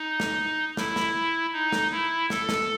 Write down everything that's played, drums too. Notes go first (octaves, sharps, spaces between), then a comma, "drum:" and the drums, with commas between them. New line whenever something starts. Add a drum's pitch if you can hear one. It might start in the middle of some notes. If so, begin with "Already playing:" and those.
Already playing: D#4
drum: snare
E4, drum: snare
drum: snare
D#4
drum: snare
E4
A4, drum: snare
drum: snare